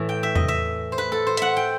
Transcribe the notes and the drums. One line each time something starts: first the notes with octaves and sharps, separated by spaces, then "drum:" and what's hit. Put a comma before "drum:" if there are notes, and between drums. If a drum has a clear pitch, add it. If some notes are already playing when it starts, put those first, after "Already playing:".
Already playing: A2 E3
G5
E5
D#5, drum: tom E2
E5
C5
B4
A4
C5
E5 F#5, drum: hi-hat
G5